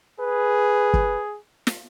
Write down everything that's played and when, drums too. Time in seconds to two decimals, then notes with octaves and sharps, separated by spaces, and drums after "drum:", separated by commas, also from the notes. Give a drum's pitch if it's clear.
0.20 G#4 B4
0.94 drum: kick
1.67 drum: snare